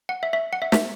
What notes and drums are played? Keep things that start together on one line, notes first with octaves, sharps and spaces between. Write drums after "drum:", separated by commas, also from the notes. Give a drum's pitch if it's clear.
F#5
E5
E5
F#5
E5
E5, drum: snare